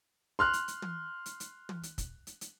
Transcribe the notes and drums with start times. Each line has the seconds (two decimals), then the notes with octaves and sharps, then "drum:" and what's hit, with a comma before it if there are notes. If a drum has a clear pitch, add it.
0.39 C6 F6 F#6
0.53 drum: hi-hat
0.68 drum: hi-hat
0.82 drum: tom
1.26 drum: hi-hat
1.40 drum: hi-hat
1.69 drum: tom
1.83 drum: hi-hat
1.98 drum: kick, hi-hat
2.27 drum: hi-hat
2.41 drum: hi-hat